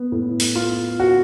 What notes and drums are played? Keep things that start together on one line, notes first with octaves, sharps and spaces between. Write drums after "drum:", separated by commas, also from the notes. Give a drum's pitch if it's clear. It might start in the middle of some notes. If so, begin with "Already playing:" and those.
Already playing: B3
A2
drum: open hi-hat
B3 F4
F#4